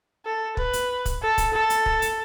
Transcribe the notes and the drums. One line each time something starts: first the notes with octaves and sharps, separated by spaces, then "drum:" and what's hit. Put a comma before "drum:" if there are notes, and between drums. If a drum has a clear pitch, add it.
A4
B4, drum: kick
drum: hi-hat
drum: kick, hi-hat
A4
drum: kick, hi-hat
A4
drum: hi-hat
drum: kick
drum: hi-hat